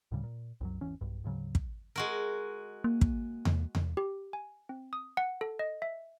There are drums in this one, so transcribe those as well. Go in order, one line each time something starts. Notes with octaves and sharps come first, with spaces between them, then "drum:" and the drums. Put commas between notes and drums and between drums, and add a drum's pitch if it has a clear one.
D2 A2 C#3 G3
A#2
C2 F#2 F#3
G#1 E2 E3 C#4
B1 G2
D2 G#2 C#3 F#3
drum: kick
G#3 F#4 A#4
A#3
drum: kick
drum: tom E2
drum: tom E2
G4
G#5
C4
D#6
F#5
A4
D#5
E5